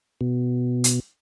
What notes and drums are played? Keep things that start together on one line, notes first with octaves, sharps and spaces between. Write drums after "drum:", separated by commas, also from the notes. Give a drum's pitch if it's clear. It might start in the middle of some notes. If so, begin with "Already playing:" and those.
B2
drum: hi-hat